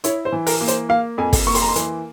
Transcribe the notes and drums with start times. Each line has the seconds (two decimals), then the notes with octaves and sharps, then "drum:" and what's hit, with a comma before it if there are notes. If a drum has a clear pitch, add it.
0.04 E4 C#5, drum: hi-hat
0.25 C5
0.32 E3
0.47 A#4, drum: open hi-hat
0.61 A#3
0.68 C5, drum: hi-hat
0.89 A#3 F5
1.18 F2 G#5
1.33 drum: kick, open hi-hat
1.47 A#3 C#6
1.55 C6, drum: open hi-hat
1.62 A#5
1.68 C6
1.76 E3, drum: hi-hat